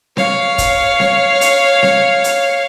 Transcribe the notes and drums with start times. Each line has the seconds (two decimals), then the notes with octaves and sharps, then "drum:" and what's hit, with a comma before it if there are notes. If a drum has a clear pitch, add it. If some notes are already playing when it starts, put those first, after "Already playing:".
0.17 C#5 F5, drum: snare C4
0.58 drum: kick, hi-hat
1.00 drum: snare C4
1.41 drum: hi-hat
1.83 drum: snare C4
2.24 drum: hi-hat